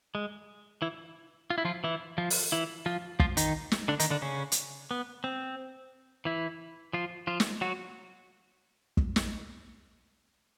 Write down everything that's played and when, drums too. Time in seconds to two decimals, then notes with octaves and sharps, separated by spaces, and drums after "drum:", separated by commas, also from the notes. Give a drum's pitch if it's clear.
0.15 G#3
0.82 E3 E4
1.50 F4
1.58 E4
1.65 F3 F4
1.84 E3 E4
2.18 F3 F4
2.30 drum: open hi-hat
2.52 E3 E4
2.86 F3 F4
3.20 F3 F4, drum: kick
3.37 D#3 D#4, drum: hi-hat
3.72 drum: snare
3.88 D3 D4
4.00 D#3 D#4, drum: hi-hat
4.10 D3 D4
4.22 C#3 C#4
4.52 drum: hi-hat
4.91 B3
5.24 C4
6.25 E3 E4
6.93 F3 F4
7.27 F3 F4
7.40 drum: snare
7.61 F#3 F#4
8.97 drum: kick
9.16 drum: snare